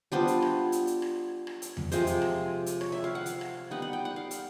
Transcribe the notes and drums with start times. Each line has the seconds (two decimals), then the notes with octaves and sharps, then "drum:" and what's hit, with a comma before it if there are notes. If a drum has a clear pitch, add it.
0.12 G3 B3 D4 F4 C5
0.27 drum: hi-hat
0.42 drum: rim click
0.72 drum: hi-hat
0.87 drum: hi-hat
1.02 drum: rim click
1.47 drum: rim click
1.62 drum: hi-hat
1.77 drum: tom E2
1.92 C3 F3 G#3 C5, drum: hi-hat
2.07 drum: hi-hat
2.22 drum: rim click
2.66 drum: hi-hat
2.81 C#5, drum: rim click
2.92 E5
3.04 F5
3.15 F#5
3.26 F5, drum: hi-hat
3.41 drum: rim click
3.71 G3 B3 D#4 F#5
3.82 F#5
3.93 G5
4.05 F#5
4.16 F5
4.31 drum: hi-hat